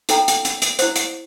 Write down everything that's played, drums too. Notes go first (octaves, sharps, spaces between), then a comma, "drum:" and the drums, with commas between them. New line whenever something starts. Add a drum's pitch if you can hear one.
D#4 A4 G5 A#5, drum: hi-hat
drum: hi-hat
drum: hi-hat
drum: hi-hat
E4 C5, drum: hi-hat
drum: hi-hat